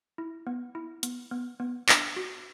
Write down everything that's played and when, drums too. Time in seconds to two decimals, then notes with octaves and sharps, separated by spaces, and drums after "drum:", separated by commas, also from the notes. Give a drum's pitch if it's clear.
0.18 E4
0.47 B3
0.75 E4
1.03 B3, drum: hi-hat
1.31 B3
1.60 B3
1.89 D4, drum: clap
2.16 F#4